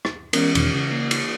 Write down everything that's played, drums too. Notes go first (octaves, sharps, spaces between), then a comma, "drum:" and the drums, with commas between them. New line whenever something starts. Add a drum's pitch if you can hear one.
A6, drum: rim click
E3 G#3 B3 C#4 A#4, drum: cymbal
E2 B2 D#3, drum: cymbal
C#3
A#3
drum: cymbal